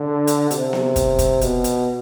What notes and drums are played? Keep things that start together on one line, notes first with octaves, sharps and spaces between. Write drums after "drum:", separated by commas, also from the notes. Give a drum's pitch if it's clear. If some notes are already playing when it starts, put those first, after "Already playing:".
Already playing: D3
drum: hi-hat
C3, drum: hi-hat
drum: snare B3
drum: kick, hi-hat
drum: kick, hi-hat
B2, drum: hi-hat
drum: hi-hat